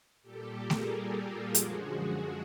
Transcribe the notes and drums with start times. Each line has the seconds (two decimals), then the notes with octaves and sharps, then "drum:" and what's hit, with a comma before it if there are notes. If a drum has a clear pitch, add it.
0.23 A#2 G3 G4 A4
0.56 G#4 A#4
0.70 drum: snare A3
0.89 G4 A4
1.22 F4 G4
1.55 F#2 D3 F3 G#3 F#4 G#4, drum: hi-hat